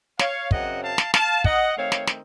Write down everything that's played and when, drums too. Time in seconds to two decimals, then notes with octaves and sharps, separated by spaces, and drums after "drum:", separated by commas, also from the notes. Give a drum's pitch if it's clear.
0.19 C#5 F5, drum: snare
0.51 F#2 C#3 F#3 C4 D#5 F#5, drum: kick
0.82 F5 A5
0.98 drum: snare
1.14 F5 A5, drum: snare
1.44 D#5 F#5, drum: kick
1.76 D#3 A3 C4 C#5 F5
1.92 drum: snare
2.07 drum: snare